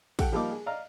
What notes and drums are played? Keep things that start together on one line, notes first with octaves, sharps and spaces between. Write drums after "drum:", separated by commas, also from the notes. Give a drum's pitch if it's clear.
G4 A4 F#5 G5, drum: kick, cymbal
F3 G3 A#3 D#4 D6
G#4
D5 D#5 F5 A#5 F6